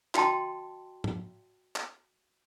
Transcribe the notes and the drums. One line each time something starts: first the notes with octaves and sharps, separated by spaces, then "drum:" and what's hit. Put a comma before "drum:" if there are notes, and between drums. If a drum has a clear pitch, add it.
F#4 D#5 G5 A5 C6, drum: clap
drum: tom G#2
drum: clap